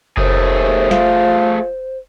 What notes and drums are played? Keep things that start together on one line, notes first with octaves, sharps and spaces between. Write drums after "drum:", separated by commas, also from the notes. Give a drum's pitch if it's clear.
D#2 A3 G#4 C5, drum: kick F#1
F4, drum: snare